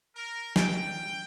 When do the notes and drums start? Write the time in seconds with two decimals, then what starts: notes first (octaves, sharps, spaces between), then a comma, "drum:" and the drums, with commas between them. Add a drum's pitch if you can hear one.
0.16 A#4
0.56 G5, drum: snare